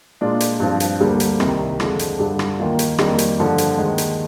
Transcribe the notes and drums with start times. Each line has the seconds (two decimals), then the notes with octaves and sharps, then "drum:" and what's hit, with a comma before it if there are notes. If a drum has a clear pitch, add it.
0.21 A#2 G#3 D4 F4
0.40 drum: hi-hat
0.60 G2 F3 C4 F4
0.80 drum: hi-hat
1.00 D2 D3 G3 A#3
1.20 drum: hi-hat
1.40 C2 C3 D#3, drum: rim click
1.80 F2 D3 F3 G#3, drum: rim click
1.99 drum: hi-hat
2.19 G2 D3 G3 D4
2.39 drum: rim click
2.59 D#2 D#3 A#3 F4
2.79 drum: hi-hat
2.98 F2 D#3 G3 A#3, drum: rim click
3.18 drum: hi-hat
3.39 G2 D3 F3
3.58 drum: hi-hat
3.77 D#2 D#3 G#3
3.98 drum: hi-hat